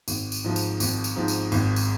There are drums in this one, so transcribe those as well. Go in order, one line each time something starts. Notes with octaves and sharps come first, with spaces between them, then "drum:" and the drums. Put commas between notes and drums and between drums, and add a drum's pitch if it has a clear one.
G#1, drum: tambourine
drum: tambourine
G#2 F3
drum: tambourine
G#1, drum: tambourine
drum: tambourine
G#2 F3
drum: tambourine
G#1, drum: tambourine
drum: tambourine